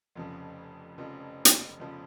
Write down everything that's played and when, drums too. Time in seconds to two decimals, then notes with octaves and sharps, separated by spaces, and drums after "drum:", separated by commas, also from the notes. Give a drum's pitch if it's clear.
0.15 F1 F2 C#3 F3
0.98 F1 F2 C#3 F3
1.45 drum: hi-hat
1.80 F1 F2 C#3 F3